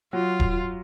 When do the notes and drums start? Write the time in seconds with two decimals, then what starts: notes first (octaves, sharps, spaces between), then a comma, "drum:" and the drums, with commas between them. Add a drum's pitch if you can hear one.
0.13 F#3 F4
0.40 drum: kick D#1